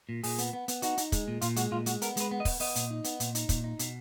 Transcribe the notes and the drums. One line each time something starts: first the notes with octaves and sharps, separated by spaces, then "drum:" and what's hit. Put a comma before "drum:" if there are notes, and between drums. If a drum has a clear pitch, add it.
A#2
A#2 G#4, drum: open hi-hat
B3, drum: hi-hat
B3
B3, drum: hi-hat
D#4 F#4, drum: hi-hat
D#4, drum: hi-hat
G#3, drum: kick, hi-hat
A#2
A#2 F4, drum: hi-hat
G#3 F#4, drum: hi-hat
A#2 F4
G#3 F#4, drum: hi-hat
B3 A#4, drum: hi-hat
G#3 B4, drum: hi-hat
B3
D#5
B3, drum: kick, open hi-hat
B3 D#5, drum: open hi-hat
A#2, drum: hi-hat
D#4
B3, drum: hi-hat
A#2, drum: hi-hat
D#4, drum: hi-hat
A#2, drum: kick, hi-hat
D#4
B2, drum: hi-hat